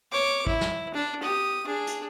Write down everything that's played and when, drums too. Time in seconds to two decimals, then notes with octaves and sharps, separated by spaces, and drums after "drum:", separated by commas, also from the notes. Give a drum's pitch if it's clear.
0.12 C#5 D6
0.47 E4, drum: kick
0.61 drum: snare
0.94 D4
1.23 G4 D#6
1.66 D4 G#4
1.87 drum: hi-hat